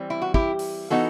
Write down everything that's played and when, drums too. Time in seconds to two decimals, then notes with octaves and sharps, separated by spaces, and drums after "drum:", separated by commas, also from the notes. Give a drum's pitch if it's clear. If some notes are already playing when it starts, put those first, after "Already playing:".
Already playing: E3 G3 C4
0.10 E4
0.22 F#4
0.34 E4 G4, drum: kick
0.59 drum: open hi-hat
0.90 E3 B3 D#4 F#4 A4